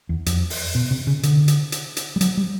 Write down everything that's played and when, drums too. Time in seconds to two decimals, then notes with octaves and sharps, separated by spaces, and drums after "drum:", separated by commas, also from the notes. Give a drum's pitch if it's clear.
0.09 E2
0.26 F2, drum: hi-hat
0.50 drum: open hi-hat
0.75 B2
0.91 C3
1.07 C#3
1.23 D3, drum: hi-hat
1.48 drum: hi-hat
1.72 drum: hi-hat
1.97 drum: hi-hat
2.16 G3
2.21 F#3, drum: hi-hat
2.37 G3